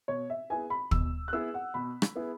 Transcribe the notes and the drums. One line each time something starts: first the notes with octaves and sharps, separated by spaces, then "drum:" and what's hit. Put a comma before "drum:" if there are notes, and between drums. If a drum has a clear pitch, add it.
B2 C#5
E5
B3 E4 G#4 B4 G#5
B5
B2 E6, drum: kick
F#6
B3 E4 G#4 B4 E6
F#5
B2 B5
drum: rim click
B3 E4 G#4 B4